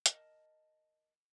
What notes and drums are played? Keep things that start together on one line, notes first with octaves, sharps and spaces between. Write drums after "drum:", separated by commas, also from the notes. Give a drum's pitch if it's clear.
A#4 D#5 A5, drum: hi-hat